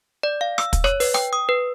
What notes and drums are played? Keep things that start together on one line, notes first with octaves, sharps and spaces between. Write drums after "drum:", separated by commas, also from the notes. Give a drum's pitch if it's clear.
D5
F5
E6, drum: rim click
drum: kick, hi-hat
C#5, drum: rim click
B4, drum: open hi-hat
G5, drum: rim click
D#6
B4